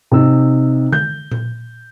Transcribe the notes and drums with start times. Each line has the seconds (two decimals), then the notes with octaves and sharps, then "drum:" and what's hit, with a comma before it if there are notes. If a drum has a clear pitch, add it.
0.11 C3 D#4 E6
0.92 G6, drum: tom D3
1.31 drum: tom A#2